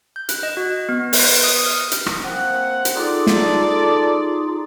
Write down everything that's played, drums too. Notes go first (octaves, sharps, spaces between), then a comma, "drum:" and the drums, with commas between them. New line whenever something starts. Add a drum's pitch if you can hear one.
G6
F#6, drum: hi-hat
D#5
F#4
B3
B4, drum: open hi-hat
D#6
F6
drum: hi-hat
drum: rim click
A#3 C4 F#5
drum: hi-hat
D#4 F4 G#4 A4 D5
drum: snare